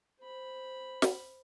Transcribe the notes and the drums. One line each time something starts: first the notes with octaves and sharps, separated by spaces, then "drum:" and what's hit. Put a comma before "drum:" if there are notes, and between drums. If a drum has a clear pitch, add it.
C5 B5
drum: snare